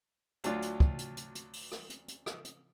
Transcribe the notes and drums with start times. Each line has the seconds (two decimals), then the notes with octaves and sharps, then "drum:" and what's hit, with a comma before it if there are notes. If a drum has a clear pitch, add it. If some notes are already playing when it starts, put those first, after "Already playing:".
0.44 D2 F#3 D4 F4, drum: hi-hat
0.62 drum: hi-hat
0.80 drum: kick
0.99 drum: hi-hat
1.17 drum: hi-hat
1.35 drum: hi-hat
1.53 drum: open hi-hat
1.72 drum: rim click
1.90 drum: hi-hat
2.08 drum: hi-hat
2.26 drum: rim click
2.45 drum: hi-hat